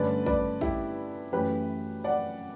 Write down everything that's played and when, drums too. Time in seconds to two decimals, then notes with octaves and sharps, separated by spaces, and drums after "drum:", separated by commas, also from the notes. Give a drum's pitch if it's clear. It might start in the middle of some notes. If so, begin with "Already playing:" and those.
Already playing: G2 D3 A3 C#4 B4 D5
0.26 B4 D5, drum: kick
0.61 E4 G4, drum: kick
1.32 F#2 E3 A3 C#4 G4 B4
2.04 D5 F#5